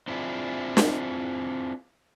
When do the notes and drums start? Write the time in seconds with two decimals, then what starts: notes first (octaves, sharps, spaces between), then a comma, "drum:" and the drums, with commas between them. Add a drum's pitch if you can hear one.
0.08 C4 D4 E4 F4 G#4
0.77 drum: snare